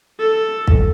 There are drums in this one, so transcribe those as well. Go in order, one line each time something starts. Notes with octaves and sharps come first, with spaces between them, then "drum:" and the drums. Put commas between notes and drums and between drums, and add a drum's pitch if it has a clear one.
A4
drum: kick